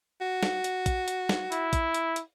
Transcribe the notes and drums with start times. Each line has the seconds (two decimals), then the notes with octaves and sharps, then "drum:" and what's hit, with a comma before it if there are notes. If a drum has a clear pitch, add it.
0.21 F#4
0.43 drum: snare
0.64 drum: hi-hat
0.86 drum: kick A#1, hi-hat
1.08 drum: hi-hat
1.29 drum: snare
1.52 E4, drum: hi-hat
1.73 drum: kick A#1, hi-hat
1.94 drum: hi-hat
2.16 drum: hi-hat